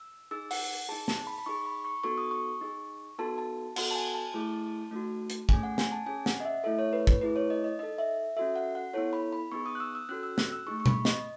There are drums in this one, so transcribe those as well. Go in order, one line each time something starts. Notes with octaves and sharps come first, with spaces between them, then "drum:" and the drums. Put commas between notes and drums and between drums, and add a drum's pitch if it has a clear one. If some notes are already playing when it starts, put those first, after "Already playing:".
Already playing: E6
D#4 G#4 E6
F#5, drum: open hi-hat
D#4 G#4 A5
A5, drum: snare
B5
B5
D#4 G#4 C#6
B5
C#6
B3 D#4 F#4 A4 C#6
D#6
C#6
D#4 G#4
B3 D#4 F#4 A4 A5
A5
B3 F#4 A4 F#5, drum: cymbal
A5
G#5
A5
A3 E4 G#4
A3 D#4 F#4
drum: hi-hat
A3 C#4 G#4 G#5, drum: kick
F#5
G#5, drum: snare
A5
C#4 G#4 G#5
F#5, drum: snare
D#5
E5
A3 E4 A4 E5
C#5
B4
B4, drum: kick
A3 E4 G#4 B4
C#5
D#5
D#5
D#4 A4 D#5
E5
C#4 F#4 A4 E5
F#5
F#5
B3 E4 A4 C#5
B5
B5
B3 D#4 G#4 C#6
D#6
F#6
E6
E6
C#4 F#4 A4 F#6
E6
F#6, drum: snare
E6
A3 D#4 G#4 C#6
C#6
B5, drum: tom B2
D#5, drum: snare